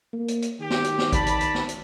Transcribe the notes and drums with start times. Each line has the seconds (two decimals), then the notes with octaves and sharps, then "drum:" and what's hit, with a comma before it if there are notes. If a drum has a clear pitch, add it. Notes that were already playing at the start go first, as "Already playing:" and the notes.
0.13 A#3
0.28 drum: hi-hat
0.42 drum: hi-hat
0.60 D#3 G4
0.70 drum: snare
0.84 drum: hi-hat
0.98 drum: snare
1.12 D5 A5 B5, drum: kick A1, hi-hat
1.26 drum: hi-hat
1.41 drum: hi-hat
1.55 drum: snare
1.69 drum: hi-hat